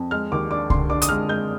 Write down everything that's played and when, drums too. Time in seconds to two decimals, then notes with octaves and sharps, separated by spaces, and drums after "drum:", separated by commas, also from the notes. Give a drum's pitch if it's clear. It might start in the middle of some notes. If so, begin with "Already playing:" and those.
Already playing: F2
0.11 G#3 F6
0.32 D#2 D6
0.51 D4 D6
0.70 D3 C6, drum: kick C2
0.90 D4 D6
1.02 D#6, drum: hi-hat
1.09 G#3 F6
1.28 G#3 G6